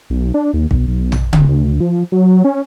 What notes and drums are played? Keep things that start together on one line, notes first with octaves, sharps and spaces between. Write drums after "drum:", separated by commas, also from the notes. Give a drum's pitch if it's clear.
B1
D4
D#2
B1, drum: kick
B1
drum: tom
D1, drum: tom C#3
D2
F3
F#3
C#4